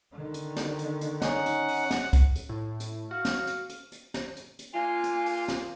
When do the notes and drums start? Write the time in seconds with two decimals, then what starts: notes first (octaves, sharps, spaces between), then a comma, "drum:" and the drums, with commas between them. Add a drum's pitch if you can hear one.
0.12 D3 D#3
0.34 drum: hi-hat
0.56 drum: snare
0.79 drum: hi-hat
1.01 drum: hi-hat
1.22 C#4 D#4 F#5, drum: snare
1.46 drum: hi-hat
1.68 drum: open hi-hat
1.91 drum: snare
2.13 drum: kick, hi-hat
2.35 drum: hi-hat
2.49 A2
2.80 drum: hi-hat
3.11 F#4 F5
3.25 drum: snare
3.47 drum: hi-hat
3.70 drum: hi-hat
3.92 drum: hi-hat
4.14 drum: snare
4.37 drum: hi-hat
4.59 drum: hi-hat
4.74 A#3 D4 F4 G#5
5.04 drum: hi-hat
5.26 drum: open hi-hat
5.48 drum: snare